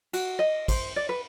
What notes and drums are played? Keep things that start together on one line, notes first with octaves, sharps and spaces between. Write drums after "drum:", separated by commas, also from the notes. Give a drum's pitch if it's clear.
F#4, drum: cymbal
D#5
C5, drum: kick, cymbal
D5
B4